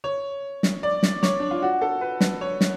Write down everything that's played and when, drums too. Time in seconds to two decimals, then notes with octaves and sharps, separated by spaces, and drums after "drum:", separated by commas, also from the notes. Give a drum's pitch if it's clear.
0.04 C#5
0.63 drum: snare
0.83 D5
1.03 drum: snare
1.23 C#5, drum: snare
1.40 D4
1.51 F4
1.62 F#4
1.81 A4
2.01 B4
2.21 B4, drum: snare
2.41 C#5
2.61 drum: snare